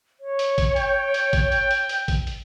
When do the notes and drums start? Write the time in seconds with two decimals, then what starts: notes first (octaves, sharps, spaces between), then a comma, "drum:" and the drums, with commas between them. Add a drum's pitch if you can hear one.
0.20 C#5
0.39 drum: hi-hat
0.58 drum: kick G#1, hi-hat
0.76 G5, drum: hi-hat
1.14 drum: hi-hat
1.33 drum: kick G#1, hi-hat
1.52 drum: hi-hat
1.71 drum: hi-hat
1.89 drum: hi-hat
2.08 drum: kick G#1, hi-hat
2.27 drum: hi-hat